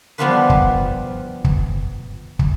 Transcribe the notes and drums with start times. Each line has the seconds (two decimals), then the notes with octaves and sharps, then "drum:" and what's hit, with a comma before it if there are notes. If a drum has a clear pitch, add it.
0.18 F3 G3 B3 D4 F4 B4
0.50 drum: kick
1.44 drum: kick
2.39 drum: kick